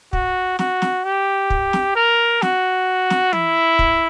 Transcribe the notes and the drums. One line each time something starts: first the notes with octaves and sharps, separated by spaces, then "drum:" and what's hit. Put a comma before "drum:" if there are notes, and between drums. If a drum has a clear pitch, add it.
F#4, drum: kick
F#4, drum: snare
drum: snare
G4
drum: kick
drum: snare
A#4
F#4, drum: snare
drum: snare
E4, drum: tom
drum: kick